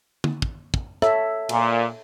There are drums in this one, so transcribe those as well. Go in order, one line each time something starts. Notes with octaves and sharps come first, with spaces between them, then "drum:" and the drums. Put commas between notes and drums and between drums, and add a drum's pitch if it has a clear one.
drum: tom
drum: kick
drum: kick
A4 C#5 E5, drum: rim click
A#2, drum: cymbal